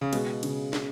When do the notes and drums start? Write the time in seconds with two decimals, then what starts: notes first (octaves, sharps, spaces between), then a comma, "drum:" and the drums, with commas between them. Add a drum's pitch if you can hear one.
0.01 C#3
0.13 B2 G#3, drum: cymbal
0.43 C#3, drum: cymbal
0.73 drum: snare